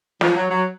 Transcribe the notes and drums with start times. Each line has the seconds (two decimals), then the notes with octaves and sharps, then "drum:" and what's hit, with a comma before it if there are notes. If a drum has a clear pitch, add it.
0.21 F3, drum: snare
0.35 F#3
0.50 F#3